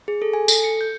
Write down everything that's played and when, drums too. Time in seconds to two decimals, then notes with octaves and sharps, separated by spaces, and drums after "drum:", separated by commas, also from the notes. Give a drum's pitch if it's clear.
0.08 G#4
0.22 A4
0.33 G#5
0.48 A4, drum: tambourine
0.64 C#7
0.81 G6